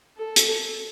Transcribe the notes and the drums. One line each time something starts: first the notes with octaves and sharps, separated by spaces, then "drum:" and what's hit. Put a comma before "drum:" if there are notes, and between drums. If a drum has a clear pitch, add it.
A4
drum: hi-hat